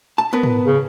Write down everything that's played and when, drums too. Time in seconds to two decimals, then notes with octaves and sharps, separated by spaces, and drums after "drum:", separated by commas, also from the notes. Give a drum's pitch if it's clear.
0.18 A5
0.33 B3 A#4 B4
0.43 drum: tom
0.66 C#3